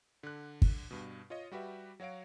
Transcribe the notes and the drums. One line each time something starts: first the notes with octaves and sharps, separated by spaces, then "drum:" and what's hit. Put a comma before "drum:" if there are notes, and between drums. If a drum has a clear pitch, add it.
D3 F#6
drum: kick
G2 B2
F4 C#5 D#5
G3 F#4 G4 B4 E5
F#3 F#4 C#5 F5 D7